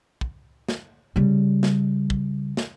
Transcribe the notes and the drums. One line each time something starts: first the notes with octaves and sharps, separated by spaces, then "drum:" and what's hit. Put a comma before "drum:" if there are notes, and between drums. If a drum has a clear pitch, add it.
drum: kick
drum: snare
C#3 G3
drum: snare
drum: kick
drum: snare